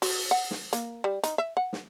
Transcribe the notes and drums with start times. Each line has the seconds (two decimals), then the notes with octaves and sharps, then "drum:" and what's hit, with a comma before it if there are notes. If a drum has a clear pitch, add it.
0.02 F#4, drum: open hi-hat
0.31 F#5
0.51 drum: snare
0.73 A#3, drum: hi-hat
1.04 G3
1.24 D#4, drum: hi-hat
1.38 E5
1.57 F#5
1.73 drum: snare